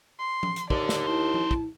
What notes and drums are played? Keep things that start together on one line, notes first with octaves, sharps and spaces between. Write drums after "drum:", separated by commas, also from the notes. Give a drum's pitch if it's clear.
C6
drum: tom F3
drum: hi-hat
D#2 D3 D5, drum: kick
drum: snare
C#4 E4 C5 A5
drum: tom F3
drum: kick